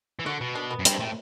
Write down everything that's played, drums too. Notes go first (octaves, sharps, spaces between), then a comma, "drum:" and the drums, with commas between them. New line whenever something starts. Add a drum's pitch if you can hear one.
E3
D3 F#4
B2
D4
B3
F#2
G2 C4, drum: hi-hat
A2 C4